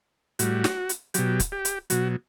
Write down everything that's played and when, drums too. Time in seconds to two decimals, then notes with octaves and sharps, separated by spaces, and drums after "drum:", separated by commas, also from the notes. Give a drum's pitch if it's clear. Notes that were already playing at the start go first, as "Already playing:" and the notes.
0.39 A2 G3 F#4, drum: hi-hat
0.64 drum: snare
0.89 drum: hi-hat
1.14 B2 F#3 G4, drum: hi-hat
1.40 drum: kick, hi-hat
1.52 G4
1.65 drum: hi-hat
1.90 B2 F#3 F#4, drum: hi-hat